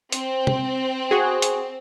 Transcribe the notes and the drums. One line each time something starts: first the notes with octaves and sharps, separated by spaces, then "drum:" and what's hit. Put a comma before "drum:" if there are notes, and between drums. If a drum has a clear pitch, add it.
C4, drum: hi-hat
drum: tom
F#4 G#4
drum: hi-hat